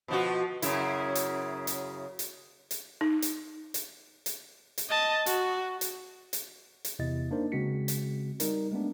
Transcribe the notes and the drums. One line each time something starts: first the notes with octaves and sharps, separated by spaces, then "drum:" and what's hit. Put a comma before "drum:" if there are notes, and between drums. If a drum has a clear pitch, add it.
B2 F3 F#4
F#2 C#3 E4, drum: hi-hat
drum: hi-hat
drum: hi-hat
drum: hi-hat
drum: hi-hat
D#4
drum: hi-hat
drum: hi-hat
drum: hi-hat
drum: hi-hat
D#5 A5
F#4, drum: hi-hat
drum: hi-hat
drum: hi-hat
drum: hi-hat
E2 C3 E4 D#5 A6
A#3 D4 D#4 A#4 C5
C#3 G#3 C4 F#4 B6 C#7
drum: hi-hat
G3 D#4 A#4, drum: hi-hat
G#3 A3 B3 D4